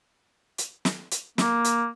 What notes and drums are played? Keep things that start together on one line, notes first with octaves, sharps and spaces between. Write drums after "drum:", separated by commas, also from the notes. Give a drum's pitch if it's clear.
drum: hi-hat
drum: snare
drum: hi-hat
A#3, drum: snare
drum: hi-hat